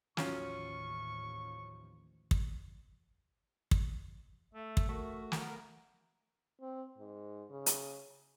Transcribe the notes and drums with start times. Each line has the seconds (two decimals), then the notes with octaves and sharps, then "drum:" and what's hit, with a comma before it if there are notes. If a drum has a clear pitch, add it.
0.17 A1 D#2 F3 F#3 C#4 F4 C#6, drum: snare
2.31 drum: kick
3.71 drum: kick
4.54 A3 E5
4.77 drum: kick
4.89 A3 F#4 A#4
5.32 A#3 B3 A#4 F#5, drum: snare
6.61 C4
6.98 G#2
7.50 C#3
7.66 drum: hi-hat